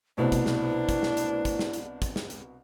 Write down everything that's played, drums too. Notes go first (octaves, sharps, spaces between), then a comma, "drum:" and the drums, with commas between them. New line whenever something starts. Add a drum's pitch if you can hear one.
C2 B2 A3 D4 E4 B4 C5
drum: kick, hi-hat
drum: snare
drum: kick, hi-hat
drum: snare
drum: hi-hat
drum: kick, hi-hat
drum: snare
drum: hi-hat
drum: kick, hi-hat
drum: snare
drum: hi-hat